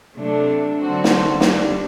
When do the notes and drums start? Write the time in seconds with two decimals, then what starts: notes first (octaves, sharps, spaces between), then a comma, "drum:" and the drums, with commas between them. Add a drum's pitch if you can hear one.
0.17 C3 F#3 A3 D4
0.79 D3 F#3 C4 F#4 A4
1.04 drum: snare
1.41 D3 G3 D4, drum: snare